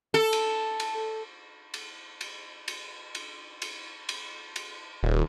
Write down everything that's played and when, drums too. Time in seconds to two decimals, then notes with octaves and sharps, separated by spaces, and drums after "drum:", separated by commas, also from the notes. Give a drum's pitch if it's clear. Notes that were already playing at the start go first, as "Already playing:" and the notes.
0.14 A4
0.33 drum: cymbal
0.80 drum: cymbal
1.74 drum: cymbal
2.21 drum: cymbal
2.68 drum: cymbal
3.15 drum: cymbal
3.62 drum: cymbal
4.09 drum: cymbal
4.56 drum: cymbal
5.03 D#1